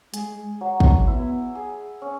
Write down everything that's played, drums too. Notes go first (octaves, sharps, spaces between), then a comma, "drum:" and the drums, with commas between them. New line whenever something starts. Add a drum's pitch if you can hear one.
G#3 G#4, drum: hi-hat
F#3
drum: kick
B3 E4
G#4
C#4